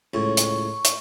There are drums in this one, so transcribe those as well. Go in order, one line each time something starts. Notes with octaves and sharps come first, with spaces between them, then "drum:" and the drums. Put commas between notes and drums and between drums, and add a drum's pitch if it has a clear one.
C#2 A2 C#6
drum: hi-hat
drum: hi-hat